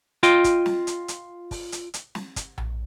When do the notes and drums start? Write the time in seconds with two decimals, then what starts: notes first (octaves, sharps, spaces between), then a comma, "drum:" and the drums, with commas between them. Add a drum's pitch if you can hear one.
0.23 F4 D#5 G5, drum: hi-hat
0.44 drum: kick, hi-hat
0.66 drum: snare
0.87 drum: hi-hat
1.08 drum: hi-hat
1.51 drum: kick, open hi-hat
1.72 drum: hi-hat
1.94 drum: hi-hat
2.15 drum: snare
2.36 drum: kick, hi-hat
2.58 drum: tom A#1